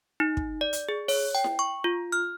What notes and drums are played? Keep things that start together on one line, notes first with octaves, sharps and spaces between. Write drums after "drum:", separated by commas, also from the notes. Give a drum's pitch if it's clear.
D#4
drum: kick
D5
drum: hi-hat
G#4
C#5, drum: open hi-hat
G5
drum: snare E4
C#6
F4
F6